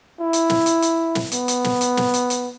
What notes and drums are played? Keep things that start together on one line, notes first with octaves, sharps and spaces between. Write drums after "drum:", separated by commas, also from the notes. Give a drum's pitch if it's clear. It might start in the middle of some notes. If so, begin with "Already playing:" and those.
E4
drum: hi-hat
drum: snare
drum: hi-hat
drum: hi-hat
drum: snare
B3, drum: hi-hat
drum: hi-hat
drum: snare
drum: hi-hat
drum: snare
drum: hi-hat
drum: hi-hat